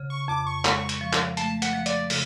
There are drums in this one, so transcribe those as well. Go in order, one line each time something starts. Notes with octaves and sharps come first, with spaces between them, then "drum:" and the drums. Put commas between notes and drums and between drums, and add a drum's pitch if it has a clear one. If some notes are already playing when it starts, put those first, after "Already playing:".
Already playing: C#3
C#6
F2 D6
C#6
G#3, drum: clap
drum: hi-hat
F3
drum: clap
A3 A5, drum: hi-hat
F#5, drum: hi-hat
F3
D5, drum: hi-hat
C#3, drum: open hi-hat